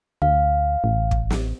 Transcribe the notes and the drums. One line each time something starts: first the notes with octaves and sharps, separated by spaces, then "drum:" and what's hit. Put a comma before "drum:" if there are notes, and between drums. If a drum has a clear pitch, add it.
D2 F5
A1
drum: kick
drum: snare